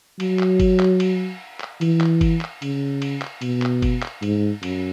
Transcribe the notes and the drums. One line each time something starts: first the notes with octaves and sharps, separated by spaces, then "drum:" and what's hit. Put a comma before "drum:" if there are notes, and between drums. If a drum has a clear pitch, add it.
F#3, drum: cymbal
drum: clap
drum: kick G1, cymbal
drum: clap
drum: cymbal
drum: clap
E3, drum: cymbal
drum: clap
drum: kick G1, cymbal
drum: clap
C#3, drum: cymbal
drum: cymbal
drum: clap
B2, drum: cymbal
drum: clap
drum: kick G1, cymbal
drum: clap
G#2, drum: cymbal
F#2, drum: cymbal